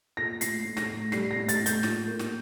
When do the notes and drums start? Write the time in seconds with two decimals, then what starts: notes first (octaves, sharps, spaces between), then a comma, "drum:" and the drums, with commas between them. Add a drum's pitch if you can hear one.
0.17 A#2 A#6
0.41 A2 C7, drum: hi-hat
0.65 A2
0.77 A#6, drum: snare
0.89 A2
1.12 G3 C7, drum: snare
1.31 A#6
1.36 A2
1.49 A6, drum: hi-hat
1.60 A2
1.66 G6, drum: hi-hat
1.83 A#2, drum: snare
2.07 A#3
2.19 drum: snare